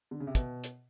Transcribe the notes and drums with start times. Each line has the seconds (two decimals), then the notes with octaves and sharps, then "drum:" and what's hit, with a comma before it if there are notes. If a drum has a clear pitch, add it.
0.11 D3
0.20 C#3
0.27 C3
0.35 B2, drum: kick, hi-hat
0.64 drum: hi-hat